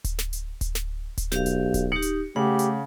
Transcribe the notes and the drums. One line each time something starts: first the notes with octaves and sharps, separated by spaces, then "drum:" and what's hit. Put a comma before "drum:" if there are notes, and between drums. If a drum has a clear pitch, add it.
drum: kick D1, hi-hat
drum: snare
drum: hi-hat
drum: kick D1, hi-hat
drum: snare
drum: kick D1, hi-hat
B1 G4 F5, drum: snare
drum: hi-hat
drum: kick D1, hi-hat
D#4 G4 C#7
drum: hi-hat
C#3 A3 G4 F#5
drum: hi-hat